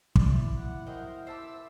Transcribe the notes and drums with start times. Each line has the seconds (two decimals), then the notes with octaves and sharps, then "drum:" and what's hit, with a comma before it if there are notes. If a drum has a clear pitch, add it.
0.16 E4 D5, drum: kick
0.57 F#5
0.86 F#4 A#4 C5 D#5 G5
1.27 C5 E5 A5 D6 E6